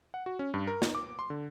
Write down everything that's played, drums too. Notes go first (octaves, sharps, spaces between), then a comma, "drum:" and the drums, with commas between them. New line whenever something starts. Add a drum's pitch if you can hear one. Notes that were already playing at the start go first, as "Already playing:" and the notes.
F#5
F#4
C#4
G2
A#4
D#4, drum: snare
D6
C6
D3